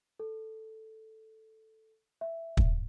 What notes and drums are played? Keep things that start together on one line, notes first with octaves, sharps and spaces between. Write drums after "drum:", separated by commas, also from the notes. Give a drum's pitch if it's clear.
A4
E5
drum: kick